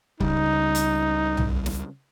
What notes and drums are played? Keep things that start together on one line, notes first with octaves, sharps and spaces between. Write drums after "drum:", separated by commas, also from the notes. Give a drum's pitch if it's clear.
C#2 C#3 G3 D#4, drum: kick C#1
drum: hi-hat
drum: tom B1
drum: snare